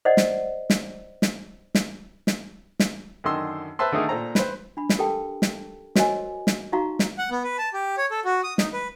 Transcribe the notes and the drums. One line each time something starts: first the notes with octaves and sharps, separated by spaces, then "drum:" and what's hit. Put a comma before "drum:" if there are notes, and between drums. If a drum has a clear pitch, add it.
C5 D5 D#5 F#5
drum: snare
drum: snare
drum: snare
drum: snare
drum: snare
drum: snare
F#2 D3 D#3 D#5 C6 E6
B4 C5 E5 A5 C6
D3 D#3 A3 D#4 G#4 A#4
A#2 A4 C5 A#5
B4 C5, drum: snare
D4 B5
drum: snare
G4 A4 A#4 G5 A5
drum: snare
F#4 A#4 C5 C#5 D#5 G#5, drum: snare
drum: snare
D#4 F#4 F5 A#5 C#6
drum: snare
F#5
B3
B4
A5
G4
C#5
A4
F#4
D#6
D#4, drum: snare
B4